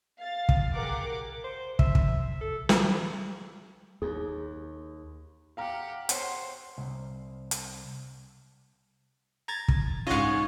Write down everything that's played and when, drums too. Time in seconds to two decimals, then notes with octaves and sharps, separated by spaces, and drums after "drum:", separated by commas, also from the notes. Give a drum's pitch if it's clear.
0.20 F5 A6
0.49 drum: kick
0.73 G4 G#4 A#4 F#5 D6
1.44 C5
1.79 E5, drum: kick
1.95 drum: kick
2.41 A4
2.69 drum: snare
4.02 D#2 G#4
5.57 G4 F5 F#5 A#5 F6
6.09 C5 C#5 F#5, drum: hi-hat
6.78 C2
7.51 drum: hi-hat
9.48 A#5 G#6 A6
9.68 drum: kick
10.07 G#2 C#4 F4 G#4 D#5 F5 F#5 C#6